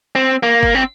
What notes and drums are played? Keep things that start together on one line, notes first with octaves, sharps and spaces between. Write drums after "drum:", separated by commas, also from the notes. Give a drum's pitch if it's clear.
C4
A#3
drum: kick
C4